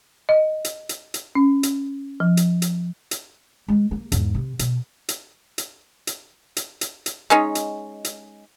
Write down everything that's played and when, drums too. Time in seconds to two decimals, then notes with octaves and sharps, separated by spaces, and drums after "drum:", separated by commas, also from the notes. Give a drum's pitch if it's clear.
0.29 D#5
0.65 drum: hi-hat
0.89 drum: hi-hat
1.14 drum: hi-hat
1.35 C#4
1.63 drum: hi-hat
2.20 F3
2.37 drum: hi-hat
2.62 drum: hi-hat
3.11 drum: hi-hat
3.68 G#3
3.91 A#3
4.12 E2 G#2, drum: hi-hat
4.35 C3
4.59 B2, drum: hi-hat
5.09 drum: hi-hat
5.58 drum: hi-hat
6.07 drum: hi-hat
6.57 drum: hi-hat
6.81 drum: hi-hat
7.06 drum: hi-hat
7.30 G#3 C#4 D#4
7.55 drum: hi-hat
8.05 drum: hi-hat